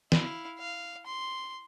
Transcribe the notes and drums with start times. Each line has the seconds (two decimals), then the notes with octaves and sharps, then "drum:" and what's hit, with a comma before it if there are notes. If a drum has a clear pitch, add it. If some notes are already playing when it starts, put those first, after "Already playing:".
0.12 E4 F5, drum: snare
0.59 F5
1.06 C6